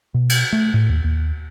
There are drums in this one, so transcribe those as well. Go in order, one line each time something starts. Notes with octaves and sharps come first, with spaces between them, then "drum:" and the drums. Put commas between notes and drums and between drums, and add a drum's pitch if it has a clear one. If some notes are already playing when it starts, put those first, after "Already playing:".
B2
drum: cymbal
A3
A2
D#2
D#2